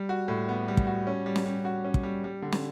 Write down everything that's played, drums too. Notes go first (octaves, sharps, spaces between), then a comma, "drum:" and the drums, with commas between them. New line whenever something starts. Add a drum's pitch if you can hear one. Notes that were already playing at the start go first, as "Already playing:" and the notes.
Already playing: G3
F#4
A2
B3
G3
drum: kick
F#4
C#4
G3
drum: snare
G3
F#4
C#4
drum: kick
G3
G3
D3
drum: snare